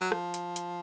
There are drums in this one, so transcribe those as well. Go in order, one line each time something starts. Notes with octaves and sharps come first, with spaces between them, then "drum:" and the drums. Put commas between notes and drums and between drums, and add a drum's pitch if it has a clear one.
F#3
F3, drum: rim click
drum: hi-hat
drum: hi-hat